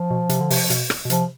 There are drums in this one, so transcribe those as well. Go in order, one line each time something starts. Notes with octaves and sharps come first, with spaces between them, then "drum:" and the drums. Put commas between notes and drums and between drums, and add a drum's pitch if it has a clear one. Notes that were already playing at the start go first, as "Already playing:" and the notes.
Already playing: F3
B2
C3, drum: hi-hat
D3
C3, drum: open hi-hat
B2, drum: hi-hat
drum: rim click
B2
C3 F3, drum: hi-hat